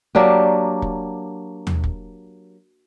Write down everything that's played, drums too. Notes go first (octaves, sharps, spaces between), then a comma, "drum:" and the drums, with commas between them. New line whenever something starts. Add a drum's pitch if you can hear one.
F#3 A#3 D4 G4
drum: kick
drum: tom D#2
drum: kick